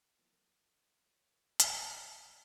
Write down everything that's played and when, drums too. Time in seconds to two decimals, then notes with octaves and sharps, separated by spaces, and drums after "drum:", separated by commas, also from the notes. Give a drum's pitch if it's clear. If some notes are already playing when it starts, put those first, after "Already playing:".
0.19 E3 F3 G3 A#3 B3 E4
0.33 A4 F6
1.13 A#4 C#5
1.60 G#2 E3, drum: hi-hat